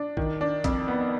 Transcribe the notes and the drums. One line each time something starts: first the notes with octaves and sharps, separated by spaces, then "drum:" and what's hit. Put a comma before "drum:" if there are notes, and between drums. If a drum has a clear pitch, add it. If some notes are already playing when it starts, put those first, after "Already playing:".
Already playing: D4
D#3, drum: kick
D4
F2, drum: kick, hi-hat
B3